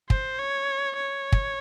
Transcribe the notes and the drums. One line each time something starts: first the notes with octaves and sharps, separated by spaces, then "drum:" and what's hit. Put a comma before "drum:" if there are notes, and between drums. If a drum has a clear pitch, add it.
C5, drum: kick
C#5
C#5
drum: kick